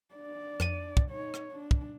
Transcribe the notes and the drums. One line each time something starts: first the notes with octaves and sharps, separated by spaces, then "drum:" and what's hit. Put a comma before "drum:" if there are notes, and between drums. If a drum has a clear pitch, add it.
D4 D5
F2 D#7, drum: rim click
drum: kick
D#4 C#5
drum: rim click
D4
drum: kick